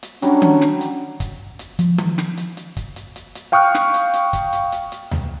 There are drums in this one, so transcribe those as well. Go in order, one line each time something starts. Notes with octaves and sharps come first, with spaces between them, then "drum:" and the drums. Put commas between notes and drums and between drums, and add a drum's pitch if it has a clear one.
drum: hi-hat
F#3 G3 C#4 D4, drum: hi-hat
drum: tom D#3
drum: snare
drum: hi-hat
drum: kick, hi-hat
drum: hi-hat
F3, drum: hi-hat
drum: tom D#3
drum: snare
drum: hi-hat
drum: hi-hat
drum: kick, hi-hat
drum: hi-hat
drum: hi-hat
drum: hi-hat
F5 G5 C#6 D#6 F6 F#6
drum: snare
drum: hi-hat
drum: hi-hat
drum: kick, hi-hat
drum: hi-hat
drum: hi-hat
drum: hi-hat
drum: tom D2